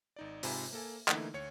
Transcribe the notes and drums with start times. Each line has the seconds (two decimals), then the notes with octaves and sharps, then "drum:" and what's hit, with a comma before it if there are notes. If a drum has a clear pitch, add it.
0.16 G#1 D#4 D5
0.43 G#2 C3 F4 G#5 A#5 B5, drum: open hi-hat
0.73 A#3 A4 G#5
1.08 D3 E3 A3 A#3 D#4 E4, drum: clap
1.34 D2 C#5 C#7